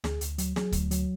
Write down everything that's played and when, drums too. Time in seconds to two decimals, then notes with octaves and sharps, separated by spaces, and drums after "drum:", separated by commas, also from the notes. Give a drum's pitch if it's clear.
0.04 D2 G#4, drum: snare
0.21 D2, drum: hi-hat
0.38 F#3, drum: hi-hat
0.56 F#3 G#4, drum: snare
0.72 D2, drum: kick C#1, hi-hat
0.91 F#3, drum: hi-hat